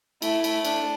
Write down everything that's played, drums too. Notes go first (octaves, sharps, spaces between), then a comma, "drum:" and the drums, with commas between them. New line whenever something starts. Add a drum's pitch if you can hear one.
A3 E4, drum: cymbal
A3, drum: cymbal
D4, drum: cymbal